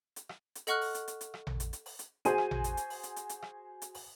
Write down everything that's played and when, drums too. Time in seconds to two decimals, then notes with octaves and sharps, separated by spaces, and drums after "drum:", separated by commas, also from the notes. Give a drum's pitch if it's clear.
0.16 drum: hi-hat
0.29 drum: rim click
0.55 drum: hi-hat
0.67 A4 D#5 F#5 C#6 F6 F#6, drum: hi-hat
0.81 drum: open hi-hat
0.95 drum: hi-hat
1.08 drum: hi-hat
1.21 drum: hi-hat
1.34 drum: rim click
1.47 drum: tom A1
1.60 drum: hi-hat
1.73 drum: hi-hat
1.86 drum: open hi-hat
1.99 drum: hi-hat
2.25 F#4 G#4 C5 G#5 D#7, drum: hi-hat
2.38 drum: rim click
2.51 drum: tom A1
2.64 drum: hi-hat
2.77 drum: hi-hat
2.90 drum: open hi-hat
3.03 drum: hi-hat
3.16 drum: hi-hat
3.29 drum: hi-hat
3.42 drum: rim click
3.82 drum: hi-hat
3.95 drum: open hi-hat